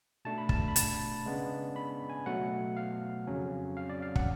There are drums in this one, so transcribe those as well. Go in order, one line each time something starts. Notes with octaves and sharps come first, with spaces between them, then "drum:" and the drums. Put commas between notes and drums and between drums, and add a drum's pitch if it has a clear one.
B2 A3 D4 A5
B5
A5, drum: kick
B5
A5, drum: hi-hat
C#3 G#3 B3 D4
B5
G#5
B2 F#3 A3 F#5
F5
F2 C#3 F#3 C#4
F5
D5
F5
F#5, drum: kick